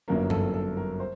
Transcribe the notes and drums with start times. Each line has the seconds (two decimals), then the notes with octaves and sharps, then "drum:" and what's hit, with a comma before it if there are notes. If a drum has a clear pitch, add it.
0.08 G1 F#2 F#3 A#3 A#4
0.30 A4, drum: tom G2
0.54 A4
0.77 A#4
1.00 C5